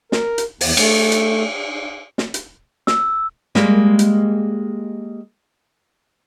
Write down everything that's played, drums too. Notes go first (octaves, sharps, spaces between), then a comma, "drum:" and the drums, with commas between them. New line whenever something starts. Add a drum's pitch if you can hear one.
A#4, drum: snare
drum: hi-hat
E2, drum: open hi-hat
A3, drum: cymbal
drum: hi-hat
drum: snare
drum: hi-hat
E6, drum: snare
G3 G#3 A#3, drum: snare
drum: hi-hat